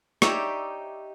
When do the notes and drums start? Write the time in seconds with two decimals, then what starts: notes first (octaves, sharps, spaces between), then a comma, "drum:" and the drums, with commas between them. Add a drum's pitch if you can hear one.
0.22 D#4 G4 C#5 D5 E5, drum: rim click